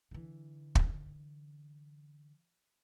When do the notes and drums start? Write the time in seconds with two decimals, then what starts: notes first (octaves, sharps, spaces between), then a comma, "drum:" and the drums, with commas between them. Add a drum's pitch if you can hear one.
0.11 D3 E3
0.75 drum: kick